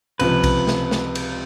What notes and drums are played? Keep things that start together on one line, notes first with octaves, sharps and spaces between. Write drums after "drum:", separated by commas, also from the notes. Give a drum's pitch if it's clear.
C#2 C3 F3 B4, drum: cymbal
drum: kick, cymbal
drum: snare
drum: snare
drum: cymbal